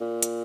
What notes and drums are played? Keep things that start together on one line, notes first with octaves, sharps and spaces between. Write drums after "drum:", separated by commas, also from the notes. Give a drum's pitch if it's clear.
A#2
drum: hi-hat